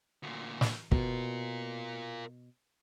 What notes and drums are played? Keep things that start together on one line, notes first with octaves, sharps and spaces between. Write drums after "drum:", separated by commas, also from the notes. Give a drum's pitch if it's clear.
D2 A#2
drum: snare
B2 F4 A#4, drum: kick